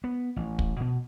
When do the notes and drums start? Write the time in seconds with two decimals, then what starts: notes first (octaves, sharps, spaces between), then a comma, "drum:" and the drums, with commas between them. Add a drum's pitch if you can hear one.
0.04 B3
0.36 A1
0.59 drum: kick
0.80 B2